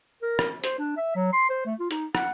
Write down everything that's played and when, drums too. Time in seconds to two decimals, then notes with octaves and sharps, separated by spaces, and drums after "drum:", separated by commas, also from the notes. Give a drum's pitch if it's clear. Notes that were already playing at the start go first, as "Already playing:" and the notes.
0.22 A#4
0.39 drum: rim click
0.64 C5, drum: hi-hat
0.79 D4
0.97 E5
1.15 F#3
1.33 C6
1.49 C5
1.66 A3
1.79 F4
1.91 D#4, drum: hi-hat
2.15 F#5, drum: rim click